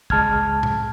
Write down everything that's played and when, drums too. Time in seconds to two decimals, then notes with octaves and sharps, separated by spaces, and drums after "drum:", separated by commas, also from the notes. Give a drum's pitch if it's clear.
0.10 C#2 G#3 A5 F6 G#6, drum: kick
0.63 drum: tom A2